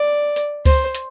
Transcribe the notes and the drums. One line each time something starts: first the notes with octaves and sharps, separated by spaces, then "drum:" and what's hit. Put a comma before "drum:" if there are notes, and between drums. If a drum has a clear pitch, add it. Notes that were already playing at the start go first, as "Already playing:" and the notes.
Already playing: D5
drum: hi-hat
C5, drum: kick C#2, open hi-hat
drum: hi-hat